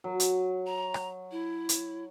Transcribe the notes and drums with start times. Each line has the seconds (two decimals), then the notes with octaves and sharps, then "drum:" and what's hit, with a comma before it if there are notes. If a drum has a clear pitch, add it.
0.04 F#3
0.20 drum: hi-hat
0.67 A#5
0.94 drum: rim click
1.32 E4
1.69 drum: hi-hat